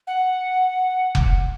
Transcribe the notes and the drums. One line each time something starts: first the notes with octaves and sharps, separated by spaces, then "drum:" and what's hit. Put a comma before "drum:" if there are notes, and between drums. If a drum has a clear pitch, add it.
F#5
drum: kick F1